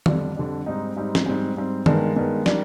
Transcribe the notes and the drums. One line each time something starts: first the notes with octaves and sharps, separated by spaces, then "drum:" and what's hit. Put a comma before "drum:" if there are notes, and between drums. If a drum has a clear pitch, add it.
F2 D3 G3 D4, drum: tom D#3
F2 D3 G3 D4
G#2 G3 C4 D#4
G#2 G3 C4 D#4
drum: snare
G#2 G3 C4
G#2 G3 C4
G2 D#3 G#3 B3, drum: tom D#3
G2 D#3 G#3 B3
D#3 G3 D4, drum: snare